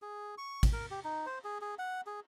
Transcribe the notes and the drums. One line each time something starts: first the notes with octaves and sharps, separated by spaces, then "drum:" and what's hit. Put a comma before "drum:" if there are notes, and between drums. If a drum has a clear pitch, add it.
G#4
C#6
drum: kick, cymbal
A#4
G4
D#4
C5
G#4
G#4
F#5
G#4